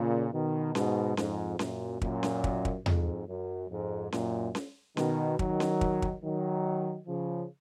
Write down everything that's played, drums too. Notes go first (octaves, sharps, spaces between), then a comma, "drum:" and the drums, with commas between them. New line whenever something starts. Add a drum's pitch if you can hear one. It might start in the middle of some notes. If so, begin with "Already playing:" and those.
Already playing: A#2 C#3
B2 D#3
G#2 B2, drum: snare C#4
F2 G#2, drum: snare C#4
F#2 A#2, drum: snare C#4
F#2 A#2, drum: kick
drum: snare C#4
drum: kick
drum: kick
F2 G#2, drum: tom E2
F#2
F2 G#2
F#2 A#2, drum: snare C#4
drum: snare C#4
B2 D#3, drum: snare C#4
D#3 F#3, drum: kick
drum: snare C#4
drum: kick
drum: kick
D#3 F#3
C#3 F3